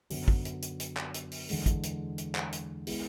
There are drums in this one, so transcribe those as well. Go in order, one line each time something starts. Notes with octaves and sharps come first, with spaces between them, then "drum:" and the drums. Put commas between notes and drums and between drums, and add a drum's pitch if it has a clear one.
F#2 D3 F#3 B3, drum: open hi-hat
drum: kick
drum: hi-hat
drum: hi-hat
drum: hi-hat
drum: clap
drum: hi-hat
drum: open hi-hat
E2 D3 G#3, drum: open hi-hat
drum: kick, hi-hat
drum: hi-hat
drum: hi-hat
drum: clap
drum: hi-hat
G#3 B3 E4 G#4, drum: open hi-hat